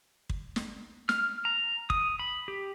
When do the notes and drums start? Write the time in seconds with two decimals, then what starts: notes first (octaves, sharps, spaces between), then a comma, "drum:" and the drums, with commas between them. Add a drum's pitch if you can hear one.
0.29 drum: kick
0.56 drum: snare
1.09 F6, drum: snare
1.45 A#5
1.90 D#6, drum: kick
2.19 B5
2.48 G4